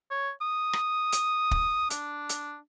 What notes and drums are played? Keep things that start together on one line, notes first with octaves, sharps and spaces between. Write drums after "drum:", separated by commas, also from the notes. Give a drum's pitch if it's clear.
C#5
D#6
drum: rim click
drum: hi-hat
drum: kick
D4, drum: hi-hat
drum: hi-hat